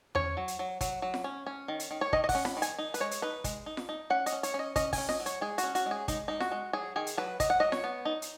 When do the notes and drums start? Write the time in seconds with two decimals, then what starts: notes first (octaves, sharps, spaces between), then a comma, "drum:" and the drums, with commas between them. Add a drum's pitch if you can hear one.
0.15 C#4 C#5, drum: tom E2
0.37 F#3
0.48 drum: hi-hat
0.59 F#3
0.81 F#3, drum: kick, hi-hat
1.02 F#3
1.14 drum: snare F4
1.24 C#4
1.47 C#4
1.68 D#3
1.80 drum: hi-hat
1.91 D#3
2.01 C#5
2.13 D#3 D#5, drum: kick
2.24 D#5
2.29 F#5, drum: kick, open hi-hat
2.35 C#4
2.45 B5, drum: snare F4
2.57 D#3
2.62 G#5, drum: hi-hat
2.78 D#4
2.94 B4, drum: hi-hat
3.00 G#3 C#5
3.11 drum: hi-hat
3.22 D#4 B4
3.44 G#3, drum: kick, hi-hat
3.66 D#4
3.77 drum: snare F4
3.89 D#4
4.10 C#4 F#5
4.26 D#5, drum: hi-hat
4.32 C#4
4.43 C#5, drum: hi-hat
4.54 C#4
4.59 D#5
4.76 C#4 D#5, drum: kick, hi-hat
4.93 G#5, drum: kick, open hi-hat
4.98 C#4
5.09 D#5, drum: snare F4
5.20 F#3
5.26 C#5, drum: hi-hat
5.41 G#3 G#4
5.58 F#4, drum: hi-hat
5.64 C#4
5.75 F#4, drum: hi-hat
5.86 G#3
5.91 G#4
6.08 G#3 D#4, drum: kick, hi-hat
6.28 G#3 D#4
6.40 F#4, drum: snare F4
6.52 G#3
6.73 F#3 G#4
6.96 D#3 G#4
7.07 drum: hi-hat
7.17 F#3 B4
7.40 F#3 D#5, drum: kick, hi-hat
7.50 F#5
7.60 F#3 D#5
7.72 C#5, drum: snare F4
7.84 B3
8.05 D#4
8.22 drum: hi-hat